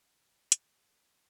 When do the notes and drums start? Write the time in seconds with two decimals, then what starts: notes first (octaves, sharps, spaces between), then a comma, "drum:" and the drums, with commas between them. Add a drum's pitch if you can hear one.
0.18 G#2 D#3
0.52 drum: hi-hat